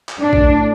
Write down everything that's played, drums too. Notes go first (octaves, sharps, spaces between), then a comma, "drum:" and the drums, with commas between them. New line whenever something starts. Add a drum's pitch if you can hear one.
drum: clap
A2 D4
drum: kick A#1